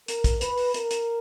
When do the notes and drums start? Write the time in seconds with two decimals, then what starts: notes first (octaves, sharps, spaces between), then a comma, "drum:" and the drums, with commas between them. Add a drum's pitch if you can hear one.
0.08 A#4, drum: hi-hat
0.24 drum: kick, hi-hat
0.41 B4, drum: hi-hat
0.58 drum: open hi-hat
0.74 A#4, drum: hi-hat
0.91 drum: hi-hat